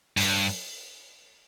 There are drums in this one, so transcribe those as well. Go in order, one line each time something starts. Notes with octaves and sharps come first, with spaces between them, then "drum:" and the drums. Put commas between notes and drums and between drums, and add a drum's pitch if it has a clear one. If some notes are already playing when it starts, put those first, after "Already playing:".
G2, drum: open hi-hat